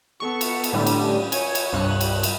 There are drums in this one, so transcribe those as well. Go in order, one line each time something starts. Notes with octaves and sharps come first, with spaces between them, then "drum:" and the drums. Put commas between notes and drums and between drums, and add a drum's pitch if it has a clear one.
B3 A4 C#6
drum: cymbal
drum: cymbal
A2 D3 G3
drum: cymbal
C#4
C#5 G#5, drum: cymbal
drum: cymbal
C2 G2 F#6
drum: cymbal
drum: cymbal